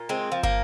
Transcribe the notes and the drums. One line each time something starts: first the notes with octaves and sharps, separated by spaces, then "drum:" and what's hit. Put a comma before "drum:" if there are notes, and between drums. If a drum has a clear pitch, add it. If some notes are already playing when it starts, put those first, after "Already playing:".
Already playing: A#2
G#3 C4
F3
A#3, drum: kick